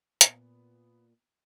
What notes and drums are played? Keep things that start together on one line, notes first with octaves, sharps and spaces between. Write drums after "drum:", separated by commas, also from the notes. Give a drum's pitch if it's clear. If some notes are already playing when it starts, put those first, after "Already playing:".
A#2 B3, drum: hi-hat